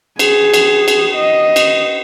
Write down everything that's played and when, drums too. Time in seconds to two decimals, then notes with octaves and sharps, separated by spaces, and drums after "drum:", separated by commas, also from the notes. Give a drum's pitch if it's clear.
0.19 G#4, drum: cymbal
0.54 drum: cymbal
0.88 drum: cymbal
1.15 D#5
1.56 drum: cymbal